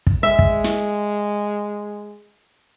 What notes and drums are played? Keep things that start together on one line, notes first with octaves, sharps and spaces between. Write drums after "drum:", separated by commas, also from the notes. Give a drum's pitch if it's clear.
drum: kick
G#3 E5
drum: kick
drum: snare